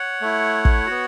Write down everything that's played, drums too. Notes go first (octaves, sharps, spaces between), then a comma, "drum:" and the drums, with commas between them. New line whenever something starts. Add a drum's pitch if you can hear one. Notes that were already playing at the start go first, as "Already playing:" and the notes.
Already playing: C#5 F#5
A3 E4
drum: kick
B3 F#4